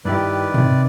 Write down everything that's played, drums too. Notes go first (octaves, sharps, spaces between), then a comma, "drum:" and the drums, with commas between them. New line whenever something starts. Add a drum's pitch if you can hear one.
G2 D#3 E4 G4 B4 D5
C3, drum: tom G2